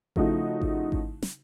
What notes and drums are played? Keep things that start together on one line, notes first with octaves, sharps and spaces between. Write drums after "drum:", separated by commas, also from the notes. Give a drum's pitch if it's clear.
C#3 F3 A3 D#4 E4 F#4, drum: kick G#1
drum: kick G#1
drum: kick G#1
drum: snare